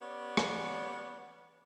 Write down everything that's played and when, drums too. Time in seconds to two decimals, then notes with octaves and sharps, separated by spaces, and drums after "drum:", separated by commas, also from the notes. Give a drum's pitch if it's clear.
0.01 B3 C#4 G4 C#5 D5
0.37 drum: rim click